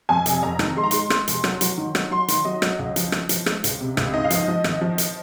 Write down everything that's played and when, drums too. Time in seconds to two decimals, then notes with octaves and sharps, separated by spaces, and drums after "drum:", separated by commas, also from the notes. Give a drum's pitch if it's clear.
0.09 F2 G#5
0.26 F1, drum: hi-hat
0.43 F2 A#5
0.59 D#3, drum: rim click
0.76 G#3 C6
0.83 A#5
0.91 G#3 C6, drum: hi-hat
1.10 G#3, drum: rim click
1.28 F1, drum: hi-hat
1.44 F#3, drum: rim click
1.61 F#3, drum: hi-hat
1.78 D#3
1.95 F#3, drum: rim click
2.11 F#3 C6
2.28 D#3, drum: hi-hat
2.45 F#3 D#5
2.62 F#3, drum: rim click
2.79 C#2
2.96 F3, drum: hi-hat
3.12 F3, drum: rim click
3.29 F3, drum: hi-hat
3.46 G#3, drum: rim click
3.64 C#2, drum: hi-hat
3.80 C3
3.97 C#2, drum: rim click
4.14 G#2 D#5
4.24 F5
4.30 F3 D#5, drum: hi-hat
4.48 F3
4.64 G#1, drum: rim click
4.81 F3
4.98 drum: hi-hat